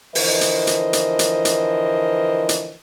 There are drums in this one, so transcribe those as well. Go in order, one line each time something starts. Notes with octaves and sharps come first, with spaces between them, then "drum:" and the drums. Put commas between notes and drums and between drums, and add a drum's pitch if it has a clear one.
D3 E3 F3 A#4 C5 D#5, drum: open hi-hat
drum: hi-hat
drum: hi-hat
drum: hi-hat
drum: hi-hat
drum: hi-hat
drum: hi-hat